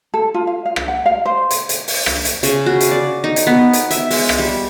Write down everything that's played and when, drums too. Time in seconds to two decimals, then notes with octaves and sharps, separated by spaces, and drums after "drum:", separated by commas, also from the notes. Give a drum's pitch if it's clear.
0.14 A4
0.34 F4
0.47 F5
0.66 F5
0.76 drum: rim click
0.88 F#5
1.06 F5
1.25 C5
1.51 drum: hi-hat
1.69 drum: hi-hat
1.88 drum: open hi-hat
2.06 drum: rim click
2.25 drum: hi-hat
2.43 C#3, drum: hi-hat
2.66 F#4
2.81 drum: hi-hat
2.91 D5
3.24 D#4
3.36 drum: hi-hat
3.47 B3
3.73 drum: hi-hat
3.91 E5, drum: hi-hat
4.10 G#3, drum: open hi-hat
4.29 drum: rim click
4.39 G3